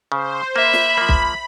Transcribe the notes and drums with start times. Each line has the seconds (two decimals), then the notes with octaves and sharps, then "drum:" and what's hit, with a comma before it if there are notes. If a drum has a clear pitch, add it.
0.12 C#3 C5
0.56 A#3 E5 B5
0.73 drum: snare
0.97 F3 A#3
1.09 drum: kick B1